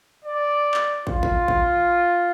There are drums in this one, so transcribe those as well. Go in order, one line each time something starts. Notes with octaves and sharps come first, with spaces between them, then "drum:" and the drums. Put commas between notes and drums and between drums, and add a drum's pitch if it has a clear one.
D5
drum: clap
F4, drum: kick
drum: kick
drum: kick